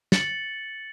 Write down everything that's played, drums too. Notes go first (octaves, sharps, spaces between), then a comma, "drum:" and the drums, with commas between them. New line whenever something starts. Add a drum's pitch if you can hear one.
A6 C#7 F#7, drum: snare